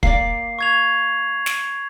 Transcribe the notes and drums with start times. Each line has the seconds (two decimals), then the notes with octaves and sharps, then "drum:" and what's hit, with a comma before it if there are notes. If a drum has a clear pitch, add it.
0.03 A#3 D5 C7, drum: kick
0.59 C#6 G#6 F7
1.46 drum: snare